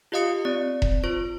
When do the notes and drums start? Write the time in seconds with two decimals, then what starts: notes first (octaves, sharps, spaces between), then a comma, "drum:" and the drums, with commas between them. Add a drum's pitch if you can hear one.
0.12 F4 G4 D#5 F5 D#6 C#7
0.45 C4 D5
0.82 drum: kick E1
1.04 F4 C5 C#6